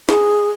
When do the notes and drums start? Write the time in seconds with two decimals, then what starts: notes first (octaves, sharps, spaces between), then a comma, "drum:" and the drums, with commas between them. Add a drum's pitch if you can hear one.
0.09 G#4, drum: snare